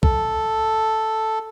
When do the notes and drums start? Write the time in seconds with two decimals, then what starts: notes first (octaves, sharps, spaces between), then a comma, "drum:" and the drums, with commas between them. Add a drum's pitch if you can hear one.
0.03 A4, drum: kick